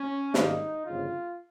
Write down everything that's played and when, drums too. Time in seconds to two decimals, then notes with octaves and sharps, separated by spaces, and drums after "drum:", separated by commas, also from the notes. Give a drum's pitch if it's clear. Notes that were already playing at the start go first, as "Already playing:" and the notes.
Already playing: C#4
0.34 G#1 G#2 D#3 G3 A#3 D#4, drum: snare
0.86 G1 F2 C#3 F4